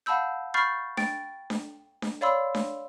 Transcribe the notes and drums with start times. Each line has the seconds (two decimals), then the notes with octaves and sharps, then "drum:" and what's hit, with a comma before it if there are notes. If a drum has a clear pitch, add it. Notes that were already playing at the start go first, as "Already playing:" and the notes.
0.06 F5 F#5 A5 B5 E6 G6
0.54 B5 C#6 F6 G6 A6 C7
0.97 G5 A6 D7, drum: snare D4
1.50 drum: snare D4
2.02 drum: snare D4
2.21 C#5 D5 F5 B5 C6 E6
2.55 drum: snare D4